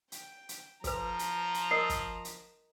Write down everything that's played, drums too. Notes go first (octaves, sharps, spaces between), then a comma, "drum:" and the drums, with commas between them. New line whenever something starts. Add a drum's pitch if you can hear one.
G5, drum: hi-hat
drum: hi-hat
F3 A4 B4 A#5, drum: kick, hi-hat
drum: hi-hat
drum: hi-hat
A#4 D#5 D#6 C7
drum: kick, hi-hat
drum: hi-hat